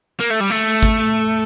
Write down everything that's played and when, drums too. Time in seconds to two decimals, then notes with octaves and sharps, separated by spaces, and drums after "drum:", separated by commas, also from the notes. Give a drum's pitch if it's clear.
0.20 A#3
0.30 A3
0.40 G3
0.50 A3
0.83 drum: kick G#1